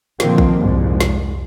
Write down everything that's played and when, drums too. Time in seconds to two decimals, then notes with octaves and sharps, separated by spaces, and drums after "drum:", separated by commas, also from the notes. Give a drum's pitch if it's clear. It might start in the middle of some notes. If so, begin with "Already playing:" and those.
0.20 A#2 D3 D#3 F3 A#3 C4, drum: snare
0.38 drum: kick A#1
0.58 C2 F2 G#2
1.00 drum: snare